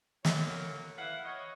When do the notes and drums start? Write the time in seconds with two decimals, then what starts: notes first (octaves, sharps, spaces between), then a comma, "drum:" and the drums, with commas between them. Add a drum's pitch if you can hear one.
0.25 E3 F#3 A#3 A4 A#4 C#5, drum: snare
0.98 E3 E4 B4 F5 F#5
1.25 C#5 D#5